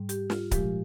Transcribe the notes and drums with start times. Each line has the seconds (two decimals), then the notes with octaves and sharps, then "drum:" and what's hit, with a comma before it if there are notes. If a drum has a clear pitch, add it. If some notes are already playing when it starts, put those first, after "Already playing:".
Already playing: G#2 G3
0.09 G4, drum: hi-hat
0.30 F4, drum: snare
0.51 A#2 F3 G#3 G4, drum: kick C#1, hi-hat